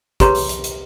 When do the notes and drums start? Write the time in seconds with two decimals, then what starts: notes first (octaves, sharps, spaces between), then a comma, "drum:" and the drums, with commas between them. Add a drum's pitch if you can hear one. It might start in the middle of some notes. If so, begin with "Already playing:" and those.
0.20 G4 G#4 B4 C#5 A#5 C6, drum: kick, hi-hat
0.35 drum: open hi-hat
0.49 drum: hi-hat
0.64 drum: hi-hat